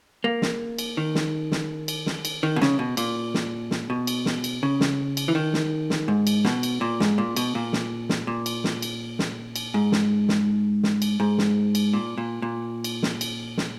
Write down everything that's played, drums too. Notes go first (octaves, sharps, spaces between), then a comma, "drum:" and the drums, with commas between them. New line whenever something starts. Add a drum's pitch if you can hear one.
A#3
drum: snare
drum: cymbal
D#3
drum: snare
drum: snare
drum: cymbal
drum: snare
drum: cymbal
D#3
B2
C#3, drum: snare
B2
A#2, drum: cymbal
drum: snare
drum: snare
B2
drum: cymbal
drum: snare
drum: cymbal
C#3
drum: snare
drum: cymbal
E3
D#3
drum: snare
drum: snare
G#2
drum: cymbal
B2, drum: snare
drum: cymbal
A#2
G#2, drum: snare
A#2
B2, drum: cymbal
A#2
drum: snare
drum: snare
A#2
drum: cymbal
drum: snare
drum: cymbal
drum: snare
drum: cymbal
G#2
drum: snare
drum: snare
drum: snare
drum: cymbal
G#2
drum: snare
drum: cymbal
A#2
A#2
A#2
drum: cymbal
drum: snare
drum: cymbal
drum: snare